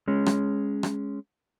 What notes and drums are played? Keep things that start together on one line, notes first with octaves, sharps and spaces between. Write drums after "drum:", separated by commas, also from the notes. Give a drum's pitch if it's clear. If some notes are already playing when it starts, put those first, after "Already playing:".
G#3 C#4
drum: rim click
drum: rim click